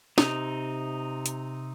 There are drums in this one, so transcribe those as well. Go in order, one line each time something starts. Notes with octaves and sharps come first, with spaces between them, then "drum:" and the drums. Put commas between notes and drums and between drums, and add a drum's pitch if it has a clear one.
C3 D#4, drum: snare
drum: hi-hat